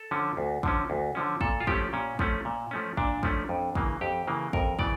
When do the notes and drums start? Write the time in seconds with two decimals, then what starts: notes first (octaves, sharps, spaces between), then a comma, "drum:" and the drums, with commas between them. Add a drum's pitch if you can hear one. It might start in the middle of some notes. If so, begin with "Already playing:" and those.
Already playing: A4
0.11 D3 F3 C#4
0.37 D2
0.63 D3 F3 C#4, drum: kick
0.90 D2
1.15 D3 F3 C#4
1.41 A#2 A4, drum: kick
1.60 F4
1.67 F3 A3 C#4 G4, drum: kick
1.93 A#2 C#4
2.19 F3 A3 C#4, drum: kick
2.45 A#2
2.71 F3 A3 C#4
2.97 A#2 D4, drum: kick
3.23 F3 A3 C#4, drum: kick
3.49 F2
3.75 C#3 E3 A#3, drum: kick
4.01 F2 G4
4.27 C#3 E3 A#3
4.53 F2 A#4, drum: kick
4.79 C#3 E3 D5, drum: kick